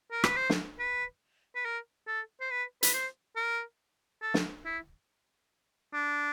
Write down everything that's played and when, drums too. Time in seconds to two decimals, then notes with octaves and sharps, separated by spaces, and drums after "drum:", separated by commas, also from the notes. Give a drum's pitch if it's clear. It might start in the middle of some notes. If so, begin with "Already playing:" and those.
0.11 A#4
0.24 B4, drum: rim click
0.36 C5
0.50 drum: snare
0.79 B4
1.55 B4
1.65 A#4
2.07 A4
2.40 C5
2.51 B4
2.83 B4, drum: hi-hat
2.93 C5
3.36 A#4
4.22 A4
4.34 drum: snare
4.65 E4
5.93 D4